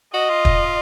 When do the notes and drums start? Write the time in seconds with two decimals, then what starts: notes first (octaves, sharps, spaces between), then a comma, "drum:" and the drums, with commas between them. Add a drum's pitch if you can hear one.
0.13 F#4 D#5
0.30 F4
0.45 drum: kick